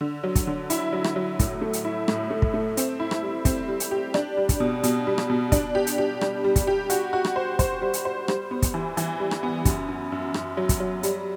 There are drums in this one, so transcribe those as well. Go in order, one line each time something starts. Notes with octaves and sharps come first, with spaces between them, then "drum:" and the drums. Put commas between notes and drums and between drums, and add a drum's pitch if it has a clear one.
D3
F#3
drum: kick, hi-hat
D3
E4, drum: hi-hat
F#3
drum: rim click
F#3
A2, drum: kick, hi-hat
A3
drum: hi-hat
E4
A2, drum: rim click
A3
drum: kick
A3
C4, drum: hi-hat
E4
drum: rim click
G3
C4, drum: kick, hi-hat
G3
drum: hi-hat
G4
D4, drum: rim click
G3
drum: kick, hi-hat
B2
B2, drum: hi-hat
G3
drum: rim click
B2
D4, drum: kick, hi-hat
G4
drum: hi-hat
G4
G3, drum: rim click
G3
drum: kick, hi-hat
G4
F#4, drum: hi-hat
F#4
drum: rim click
C5
C5, drum: kick, hi-hat
G3
drum: hi-hat
C5
G3, drum: rim click
B3
drum: kick, hi-hat
E3
E3, drum: hi-hat
G3
drum: rim click
B3
F#2, drum: kick, hi-hat
F#2
F#2
F#2, drum: rim click
F#3
drum: kick, hi-hat
F#3
G3, drum: hi-hat